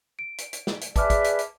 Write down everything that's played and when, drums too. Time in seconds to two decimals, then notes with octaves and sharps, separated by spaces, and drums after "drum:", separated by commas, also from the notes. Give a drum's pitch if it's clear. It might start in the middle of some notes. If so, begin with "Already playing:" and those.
0.19 D7
0.38 drum: hi-hat
0.53 drum: hi-hat
0.67 drum: snare
0.81 drum: hi-hat
0.96 G#4 B4 D5 E5 A5 D6 F6, drum: kick, hi-hat
1.10 drum: kick, hi-hat
1.24 drum: hi-hat
1.39 drum: hi-hat